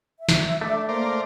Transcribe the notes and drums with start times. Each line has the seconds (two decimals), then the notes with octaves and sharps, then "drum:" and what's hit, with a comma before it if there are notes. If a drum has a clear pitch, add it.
0.19 E5
0.29 drum: snare
0.61 A3 D4
0.89 A#3 A#4 C5 D5